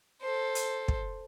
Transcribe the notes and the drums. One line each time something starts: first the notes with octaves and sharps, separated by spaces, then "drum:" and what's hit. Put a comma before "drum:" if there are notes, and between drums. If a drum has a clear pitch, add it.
A4 C5
drum: hi-hat
drum: kick